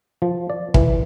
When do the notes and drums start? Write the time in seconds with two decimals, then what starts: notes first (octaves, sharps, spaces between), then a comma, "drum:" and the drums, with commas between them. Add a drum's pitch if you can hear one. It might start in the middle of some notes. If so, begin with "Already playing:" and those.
0.22 F3
0.50 D5
0.74 E3, drum: kick